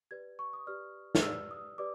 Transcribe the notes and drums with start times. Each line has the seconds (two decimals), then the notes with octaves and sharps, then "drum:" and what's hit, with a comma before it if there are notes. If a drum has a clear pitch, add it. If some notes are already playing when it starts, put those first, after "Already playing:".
0.11 G4 B4 D5 G#6
0.39 C#6
0.53 D#6
0.67 G4 B4 D5 F6
1.15 F6, drum: snare
1.22 G4 B4 D5 E6
1.51 D#6
1.78 G4 B4 D5 D6